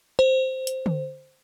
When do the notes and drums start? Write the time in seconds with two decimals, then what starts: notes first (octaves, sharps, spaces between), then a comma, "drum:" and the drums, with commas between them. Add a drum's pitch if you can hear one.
0.19 C5
0.67 drum: hi-hat
0.86 drum: tom D3